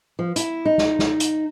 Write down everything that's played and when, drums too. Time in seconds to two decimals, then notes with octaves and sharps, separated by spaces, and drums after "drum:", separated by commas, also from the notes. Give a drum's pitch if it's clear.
0.19 F3
0.36 E4, drum: hi-hat
0.65 D#4
0.78 drum: snare
0.99 drum: snare
1.20 drum: hi-hat